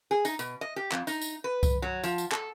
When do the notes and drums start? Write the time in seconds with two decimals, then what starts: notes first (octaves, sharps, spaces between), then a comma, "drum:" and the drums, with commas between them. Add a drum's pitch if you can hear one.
0.11 G#4
0.25 D#4, drum: tambourine
0.39 B2, drum: tambourine
0.61 D#5
0.76 G4
0.92 F2, drum: clap
1.07 D#4, drum: tambourine
1.21 drum: tambourine
1.44 B4
1.63 drum: kick C2, tambourine
1.82 F#3
2.03 F3, drum: tambourine
2.18 drum: tambourine
2.32 A4, drum: clap